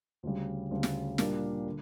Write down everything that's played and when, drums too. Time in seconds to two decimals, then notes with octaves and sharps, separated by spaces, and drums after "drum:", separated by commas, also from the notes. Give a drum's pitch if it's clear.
0.23 D2 C#3 G3
0.71 D2 C#3 G3
0.83 drum: snare
1.18 A#2 G3 A#3 D4 A#4, drum: snare
1.66 D3